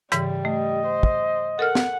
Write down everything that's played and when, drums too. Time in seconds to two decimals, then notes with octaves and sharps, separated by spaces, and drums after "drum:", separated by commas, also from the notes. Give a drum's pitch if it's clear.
0.12 G#2 C#3 E3 G3, drum: hi-hat
0.45 A3 D#5
0.86 C5
1.03 drum: kick
1.59 A4 A#4 F#5 F6
1.75 drum: snare